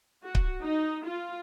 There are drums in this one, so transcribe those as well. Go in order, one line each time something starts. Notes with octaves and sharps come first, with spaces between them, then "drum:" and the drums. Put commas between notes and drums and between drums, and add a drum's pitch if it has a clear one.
F#4
drum: kick C#1
D#4
F4